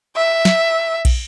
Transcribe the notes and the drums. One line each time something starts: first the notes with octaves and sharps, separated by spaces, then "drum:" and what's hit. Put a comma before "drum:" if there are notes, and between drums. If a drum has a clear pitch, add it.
E5
drum: snare
drum: kick, cymbal